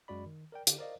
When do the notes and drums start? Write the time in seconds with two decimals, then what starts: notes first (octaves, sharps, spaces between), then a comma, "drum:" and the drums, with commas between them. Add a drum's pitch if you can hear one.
0.08 F#2 G#3 F#4 D5 B5
0.26 D#3
0.52 A#4 D5 G5
0.67 D3 G4, drum: hi-hat
0.78 A#4 C5 D5 D#5 F5